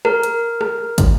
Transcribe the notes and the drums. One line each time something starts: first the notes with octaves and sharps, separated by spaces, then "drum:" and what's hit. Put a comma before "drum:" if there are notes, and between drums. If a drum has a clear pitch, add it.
A#4, drum: rim click
drum: hi-hat
drum: rim click
drum: kick, hi-hat